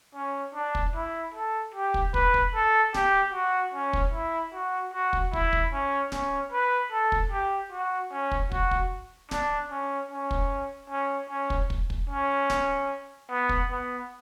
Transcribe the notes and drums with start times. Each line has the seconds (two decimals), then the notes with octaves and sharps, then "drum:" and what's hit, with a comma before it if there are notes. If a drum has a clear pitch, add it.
0.15 C#4
0.55 D4
0.75 drum: kick
0.95 E4
1.34 A4
1.74 G4
1.94 drum: kick
2.14 B4, drum: kick
2.34 drum: kick
2.54 A4
2.94 G4, drum: snare D1
3.33 F#4
3.74 C#4
3.93 drum: kick
4.13 E4
4.53 F#4
4.93 F#4
5.13 drum: kick
5.33 E4, drum: kick
5.53 drum: kick
5.73 C#4
6.12 C#4, drum: snare D1
6.52 B4
6.92 A4
7.12 drum: kick
7.32 G4
7.72 F#4
8.12 C#4
8.31 drum: kick
8.52 F#4, drum: kick
8.71 drum: kick
9.31 D4, drum: snare D1
9.71 C#4
10.11 C#4
10.31 drum: kick
10.90 C#4
11.30 C#4
11.50 drum: kick
11.70 drum: kick
11.90 drum: kick
12.09 C#4
12.50 drum: snare D1
13.30 B3
13.49 drum: kick
13.70 B3